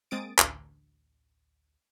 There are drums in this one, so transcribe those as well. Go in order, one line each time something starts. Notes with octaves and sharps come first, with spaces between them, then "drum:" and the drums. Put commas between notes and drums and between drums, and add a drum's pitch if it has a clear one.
G#3 A#3 C4 D#6 A6 D7
A1 D2, drum: clap